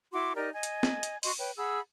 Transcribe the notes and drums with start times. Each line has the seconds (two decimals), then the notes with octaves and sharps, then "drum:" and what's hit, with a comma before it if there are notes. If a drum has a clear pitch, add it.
0.13 E4 F#4 C6 D6
0.35 D#4 G4 A#4 D5
0.53 D#5 G#5
0.63 drum: hi-hat
0.83 drum: snare
1.03 drum: hi-hat
1.23 F#4 D#5 C6 C#6, drum: open hi-hat
1.38 B4 C#5 G5
1.57 G#4 F#5 B5 E6